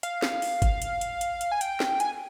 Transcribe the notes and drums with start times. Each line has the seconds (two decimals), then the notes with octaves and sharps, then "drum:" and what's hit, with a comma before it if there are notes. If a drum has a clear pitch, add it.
0.03 F5, drum: hi-hat
0.22 drum: snare
0.42 drum: open hi-hat
0.62 drum: kick, hi-hat
0.82 drum: hi-hat
1.01 drum: hi-hat
1.21 drum: hi-hat
1.41 drum: hi-hat
1.52 G#5
1.61 G5, drum: hi-hat
1.80 drum: snare
2.00 G#5, drum: hi-hat